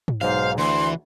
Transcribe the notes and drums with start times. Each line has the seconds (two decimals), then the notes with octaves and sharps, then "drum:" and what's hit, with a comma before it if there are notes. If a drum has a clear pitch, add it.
0.08 drum: tom
0.21 B1 G#2 C5 F5
0.58 D2 E3 C6